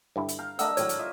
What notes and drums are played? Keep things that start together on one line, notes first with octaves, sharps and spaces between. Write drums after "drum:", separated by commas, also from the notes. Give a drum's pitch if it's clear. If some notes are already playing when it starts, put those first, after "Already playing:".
G2 D3 E4
drum: hi-hat
F5 G5 A#5
A3 D4 A#4 D#5 F#5 E6, drum: hi-hat
G#1 A2 F#3 C#5, drum: hi-hat
drum: hi-hat
F4 D#5 E5